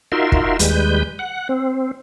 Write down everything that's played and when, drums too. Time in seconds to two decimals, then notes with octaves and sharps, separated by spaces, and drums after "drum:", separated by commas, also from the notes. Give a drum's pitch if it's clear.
0.12 D#4 F4 F#4 A#4 E5 C6
0.32 drum: kick
0.59 D#2 G3 G#3 B4 G6, drum: hi-hat
1.19 F#5
1.49 C4